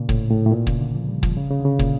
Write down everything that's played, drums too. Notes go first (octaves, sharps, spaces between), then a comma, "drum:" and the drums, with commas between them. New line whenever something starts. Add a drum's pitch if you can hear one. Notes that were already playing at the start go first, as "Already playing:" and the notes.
Already playing: A#2 C#3
A2, drum: kick
A2
A2
A#2
C#3, drum: kick
D3
F3
G3
F3, drum: kick
C#3
C#3
D3
C#3
A#2, drum: kick